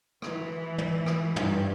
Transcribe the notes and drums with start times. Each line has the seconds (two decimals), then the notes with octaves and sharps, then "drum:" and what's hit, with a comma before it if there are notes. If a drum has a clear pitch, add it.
0.22 E3, drum: rim click
0.78 drum: tom
1.06 drum: rim click
1.36 G2, drum: tom